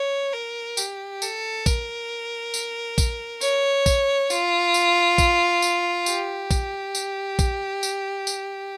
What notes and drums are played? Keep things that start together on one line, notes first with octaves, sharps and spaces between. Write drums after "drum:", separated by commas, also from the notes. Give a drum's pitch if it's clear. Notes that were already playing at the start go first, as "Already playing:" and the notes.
Already playing: C#5
A#4
G4, drum: tambourine
A4, drum: tambourine
A#4, drum: kick A#1, tambourine
drum: tambourine
drum: kick A#1, tambourine
C#5, drum: tambourine
drum: kick A#1, tambourine
F4, drum: tambourine
drum: tambourine
drum: kick A#1, tambourine
drum: tambourine
G4, drum: tambourine
drum: kick A#1, tambourine
drum: tambourine
drum: kick A#1, tambourine
drum: tambourine
drum: tambourine